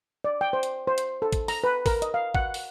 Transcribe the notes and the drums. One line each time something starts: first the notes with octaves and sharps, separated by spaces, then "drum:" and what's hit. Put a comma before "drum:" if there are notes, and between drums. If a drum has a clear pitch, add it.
D5
G5
C5
drum: hi-hat
C5
drum: hi-hat
A4
drum: kick, hi-hat
A#5, drum: open hi-hat
B4
A#4, drum: kick, open hi-hat
D#5, drum: hi-hat
F5
F#5, drum: kick
drum: open hi-hat